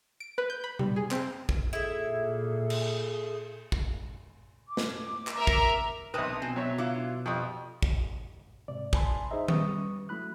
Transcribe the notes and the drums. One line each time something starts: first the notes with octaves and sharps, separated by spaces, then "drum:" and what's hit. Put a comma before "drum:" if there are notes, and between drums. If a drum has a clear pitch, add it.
D7
B4
G6
B5
G3, drum: tom C3
G#4
C4, drum: clap
drum: kick
A#2 E4 G#4 A4 E5
drum: cymbal
drum: kick
D6
drum: snare
drum: clap
A#4 E5 A#5
drum: kick
B1 C3 B4 A5 D#6
B2 C4 G#5
F#3 C#5 E5
F#3 E4 F4 D6
F2 F3 G3 C#6 D#6
drum: kick
G#2 C3 D5
G#5 A5 B5 C6, drum: kick
D#4 G#4 C5 D#5 E5 A#5
G3 B4 C#6 D#6, drum: tom D#3
F#3 A3 E4 B5 F#6